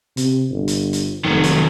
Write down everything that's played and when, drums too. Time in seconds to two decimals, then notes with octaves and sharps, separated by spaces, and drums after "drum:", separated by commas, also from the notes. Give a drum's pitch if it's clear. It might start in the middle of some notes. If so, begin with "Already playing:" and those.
0.17 C3, drum: hi-hat
0.50 G1
0.68 drum: hi-hat
0.93 drum: hi-hat
1.25 F1 D#3 F#3
1.44 drum: hi-hat